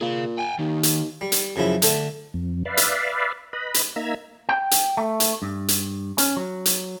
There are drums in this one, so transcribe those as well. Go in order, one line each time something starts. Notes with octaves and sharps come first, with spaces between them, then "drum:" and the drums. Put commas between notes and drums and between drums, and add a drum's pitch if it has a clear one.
A#2 G#4 F5
G5 G#5
D#2 D#3
drum: hi-hat
G3
drum: hi-hat
F#2 C#3 F3 E4
D3 A3, drum: hi-hat
F2
B4 D5 E5 F5
drum: hi-hat
B4 D#5 B5
drum: hi-hat
A#3 D#4 E5 A#5 E6 G#6
G5
drum: hi-hat
A3
drum: hi-hat
G2
drum: hi-hat
C#4, drum: hi-hat
F#3
drum: hi-hat